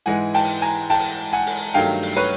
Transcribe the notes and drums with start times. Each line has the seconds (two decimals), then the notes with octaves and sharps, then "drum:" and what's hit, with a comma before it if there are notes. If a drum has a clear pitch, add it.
0.06 G#2 E3 G#3 F#5 G#5
0.34 G5 A5, drum: open hi-hat
0.62 G#5 A#5
0.90 G5 A5, drum: open hi-hat
1.33 F#5 G#5
1.46 drum: open hi-hat
1.74 G2 D#3 F#3 A3 F5 G5
2.02 drum: open hi-hat
2.17 B4 C#5